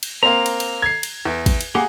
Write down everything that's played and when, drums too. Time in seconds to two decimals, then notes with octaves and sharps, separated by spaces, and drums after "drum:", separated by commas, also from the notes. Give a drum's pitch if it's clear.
0.03 drum: cymbal
0.23 A#3 C4 A#5
0.46 drum: cymbal
0.60 drum: cymbal
0.82 G#6 C7
1.03 drum: cymbal
1.25 E2
1.46 drum: kick, cymbal
1.61 drum: cymbal
1.75 A#3 G4 G#4 F#5